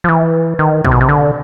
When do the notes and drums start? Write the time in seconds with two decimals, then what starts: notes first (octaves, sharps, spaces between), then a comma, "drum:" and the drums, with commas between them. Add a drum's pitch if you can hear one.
0.04 F3
0.08 E3
0.59 D#3
0.84 C3, drum: kick A#1
0.91 B2
1.01 C3
1.09 D3